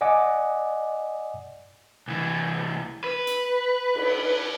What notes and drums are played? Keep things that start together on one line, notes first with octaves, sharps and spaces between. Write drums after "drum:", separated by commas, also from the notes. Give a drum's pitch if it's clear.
D5 D#5 F#5 G#5 D6
C2 E3
B4
drum: hi-hat
drum: cymbal